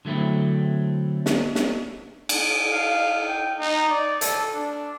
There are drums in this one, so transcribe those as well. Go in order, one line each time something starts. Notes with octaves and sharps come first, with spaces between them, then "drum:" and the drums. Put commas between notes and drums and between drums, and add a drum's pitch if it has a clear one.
D3 F#3 A3 C4 E4
drum: snare
drum: snare
drum: cymbal
F5
G5
D#4
D5
A4, drum: hi-hat
D4